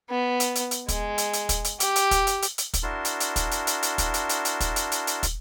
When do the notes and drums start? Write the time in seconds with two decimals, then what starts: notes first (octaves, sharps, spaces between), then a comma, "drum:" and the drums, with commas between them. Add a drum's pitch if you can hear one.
0.10 B3
0.40 drum: hi-hat
0.55 drum: hi-hat
0.71 drum: hi-hat
0.88 G#3, drum: kick, hi-hat
1.18 drum: hi-hat
1.33 drum: hi-hat
1.49 drum: kick, hi-hat
1.64 drum: hi-hat
1.80 G4, drum: hi-hat
1.96 drum: hi-hat
2.11 drum: kick, hi-hat
2.27 drum: hi-hat
2.42 drum: hi-hat
2.58 drum: hi-hat
2.73 drum: kick, hi-hat
2.83 D4 E4 F#4 A#4 A5 C6
3.05 drum: hi-hat
3.20 drum: hi-hat
3.36 drum: kick, hi-hat
3.51 drum: hi-hat
3.67 drum: hi-hat
3.83 drum: hi-hat
3.98 drum: kick, hi-hat
4.14 drum: hi-hat
4.29 drum: hi-hat
4.45 drum: hi-hat
4.60 drum: kick, hi-hat
4.76 drum: hi-hat
4.92 drum: hi-hat
5.07 drum: hi-hat
5.23 drum: kick, hi-hat